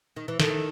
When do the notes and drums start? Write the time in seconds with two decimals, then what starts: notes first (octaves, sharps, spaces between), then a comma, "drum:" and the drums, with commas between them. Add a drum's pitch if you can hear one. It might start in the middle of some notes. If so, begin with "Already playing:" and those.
0.16 D#3
0.28 E3
0.40 D#3 A4, drum: snare